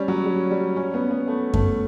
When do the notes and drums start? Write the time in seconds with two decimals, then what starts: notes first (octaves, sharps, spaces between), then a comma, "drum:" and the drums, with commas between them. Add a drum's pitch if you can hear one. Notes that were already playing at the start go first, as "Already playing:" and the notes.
Already playing: G3 C#4
0.08 F#3
0.25 G3
0.51 G3
0.76 C#4
0.94 B3
1.11 B3
1.28 A3
1.54 A3, drum: kick F#2